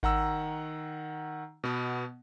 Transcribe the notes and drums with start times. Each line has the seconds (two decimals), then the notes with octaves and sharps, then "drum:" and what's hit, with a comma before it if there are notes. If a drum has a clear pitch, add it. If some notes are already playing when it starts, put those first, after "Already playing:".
0.03 D#3 F#5 A#5 E6, drum: kick G#1
1.64 B2 B3